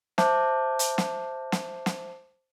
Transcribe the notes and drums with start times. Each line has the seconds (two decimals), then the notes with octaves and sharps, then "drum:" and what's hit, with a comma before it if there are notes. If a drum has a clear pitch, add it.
0.18 C5 E5 A5 D6 G6, drum: snare
0.79 drum: hi-hat
0.98 drum: snare
1.52 drum: snare
1.86 drum: snare